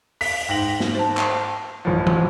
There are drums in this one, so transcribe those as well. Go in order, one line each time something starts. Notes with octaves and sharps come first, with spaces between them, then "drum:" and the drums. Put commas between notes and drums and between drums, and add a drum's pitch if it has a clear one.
B6, drum: open hi-hat
G#2 G5 A#6 F#7
drum: snare
C5 A5
drum: clap
A1 F3
drum: tom E3